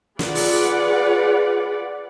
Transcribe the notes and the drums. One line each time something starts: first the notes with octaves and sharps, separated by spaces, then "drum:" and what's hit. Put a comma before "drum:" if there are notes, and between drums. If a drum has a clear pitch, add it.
F4 G#4 B4 D5 F#5, drum: snare
drum: open hi-hat